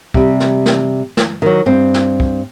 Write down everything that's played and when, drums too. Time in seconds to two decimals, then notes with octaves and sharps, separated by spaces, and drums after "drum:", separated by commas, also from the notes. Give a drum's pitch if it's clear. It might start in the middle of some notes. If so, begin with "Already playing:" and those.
0.14 C3 G3, drum: kick
0.40 drum: snare
0.66 drum: snare
1.17 drum: snare
1.42 D#3 F#3
1.66 G2 C4
1.94 drum: snare
2.20 drum: kick